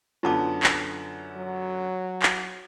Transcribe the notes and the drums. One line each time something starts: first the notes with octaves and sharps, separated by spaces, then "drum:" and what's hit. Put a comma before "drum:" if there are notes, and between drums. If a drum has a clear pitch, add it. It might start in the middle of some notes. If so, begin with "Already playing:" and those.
F#2 D3 B3 F4 A5 D6
drum: clap
F#3
drum: clap